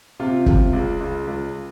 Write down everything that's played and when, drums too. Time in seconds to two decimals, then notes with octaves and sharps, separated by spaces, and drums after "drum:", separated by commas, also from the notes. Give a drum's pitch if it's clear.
0.20 C3 F4
0.46 C3, drum: kick
0.73 C#2
1.01 C#2
1.27 C#2